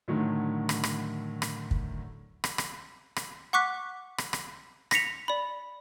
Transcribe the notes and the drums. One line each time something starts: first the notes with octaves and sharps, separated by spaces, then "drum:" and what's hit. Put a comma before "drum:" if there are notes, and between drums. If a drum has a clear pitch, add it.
A2 D3 D#3 F#3 A3
drum: rim click
drum: rim click
drum: rim click
drum: kick
drum: rim click
drum: rim click
drum: rim click
F#5 C#6 D6 F#6 B6
drum: rim click
drum: rim click
A#6 B6 C#7 F7, drum: rim click
D5 B5